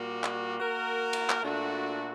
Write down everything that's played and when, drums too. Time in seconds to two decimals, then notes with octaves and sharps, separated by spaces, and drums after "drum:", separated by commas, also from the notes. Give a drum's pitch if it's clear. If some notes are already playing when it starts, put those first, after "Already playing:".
Already playing: A#2 G3 A#3 F#4
0.24 drum: clap
0.60 A#3 F#4 A#4
1.13 drum: cymbal
1.30 drum: clap
1.42 A#2 A3 D4 F#4 A4